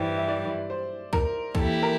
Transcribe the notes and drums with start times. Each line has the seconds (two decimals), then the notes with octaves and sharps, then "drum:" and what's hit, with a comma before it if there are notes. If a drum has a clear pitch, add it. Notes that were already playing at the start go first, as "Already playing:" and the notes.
Already playing: G2 E3 G3 C5
0.17 E5
0.28 D5
0.70 C5
1.13 A#4, drum: kick
1.55 E3 A#3 E4 G4 A4, drum: kick
1.83 A#4